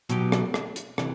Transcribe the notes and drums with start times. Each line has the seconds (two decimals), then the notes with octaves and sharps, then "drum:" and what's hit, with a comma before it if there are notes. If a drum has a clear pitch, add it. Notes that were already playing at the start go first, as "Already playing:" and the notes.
0.10 B2 F#3 B3 D#4 G4, drum: hi-hat
0.32 drum: rim click
0.54 drum: rim click
0.76 drum: hi-hat
0.98 C3 E3, drum: rim click